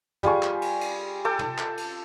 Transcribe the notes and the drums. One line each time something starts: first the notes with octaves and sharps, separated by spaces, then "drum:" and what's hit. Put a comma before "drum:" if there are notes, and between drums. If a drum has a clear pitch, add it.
G3 F4 G#4 C#6, drum: tom
drum: clap
drum: cymbal
drum: cymbal
A4 G5 D6
drum: tom
drum: clap
drum: cymbal